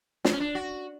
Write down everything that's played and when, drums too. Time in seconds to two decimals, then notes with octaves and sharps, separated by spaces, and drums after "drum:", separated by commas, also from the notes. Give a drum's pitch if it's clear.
0.25 D4, drum: snare
0.32 C#4
0.40 D4
0.55 F#4